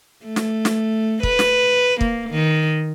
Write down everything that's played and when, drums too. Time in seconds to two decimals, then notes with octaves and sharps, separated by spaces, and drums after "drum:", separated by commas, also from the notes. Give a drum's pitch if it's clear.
0.25 A3
0.36 drum: snare
0.65 drum: snare
1.23 B4, drum: kick
1.39 drum: snare
2.01 A#3, drum: kick
2.30 D#3